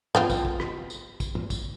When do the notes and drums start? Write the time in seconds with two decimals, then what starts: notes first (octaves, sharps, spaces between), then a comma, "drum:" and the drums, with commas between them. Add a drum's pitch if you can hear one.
0.15 B3 C4 F4, drum: tom
0.30 drum: kick, tambourine
0.45 drum: kick
0.60 drum: rim click
0.90 drum: tambourine
1.20 drum: kick, tambourine
1.35 drum: tom
1.50 drum: kick, tambourine